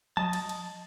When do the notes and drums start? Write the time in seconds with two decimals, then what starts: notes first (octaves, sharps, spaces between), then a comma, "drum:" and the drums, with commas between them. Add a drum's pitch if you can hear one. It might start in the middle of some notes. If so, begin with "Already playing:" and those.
0.17 D#5 A5, drum: tom F3
0.33 drum: cymbal
0.49 drum: cymbal